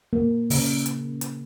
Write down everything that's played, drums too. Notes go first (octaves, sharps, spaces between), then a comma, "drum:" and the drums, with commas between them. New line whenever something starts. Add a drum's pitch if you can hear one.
A#3
C#3, drum: open hi-hat
drum: hi-hat
drum: hi-hat